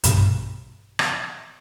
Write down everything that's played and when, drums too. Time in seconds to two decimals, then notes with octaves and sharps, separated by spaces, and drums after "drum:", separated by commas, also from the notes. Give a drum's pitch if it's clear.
0.04 B1 G2 B2, drum: hi-hat
0.99 drum: rim click